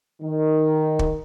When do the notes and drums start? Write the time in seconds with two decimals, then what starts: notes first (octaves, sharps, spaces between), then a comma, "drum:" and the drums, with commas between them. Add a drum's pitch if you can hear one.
0.23 D#3
0.99 drum: kick